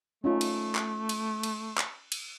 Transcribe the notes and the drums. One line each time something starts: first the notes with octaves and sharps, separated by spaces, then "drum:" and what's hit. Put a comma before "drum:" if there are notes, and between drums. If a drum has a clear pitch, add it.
A3 C#4 D#4 F4
drum: cymbal
drum: clap
drum: cymbal
drum: cymbal
drum: clap
drum: cymbal